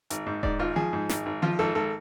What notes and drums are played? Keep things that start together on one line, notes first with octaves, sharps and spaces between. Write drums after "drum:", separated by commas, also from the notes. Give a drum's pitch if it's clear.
G#1, drum: hi-hat
G#2
G#2 D5, drum: kick D#1
G#1 F4
F3 G#4
G#2
G#1, drum: snare
G#1
F3 F4
G#1 A4
G#1 A4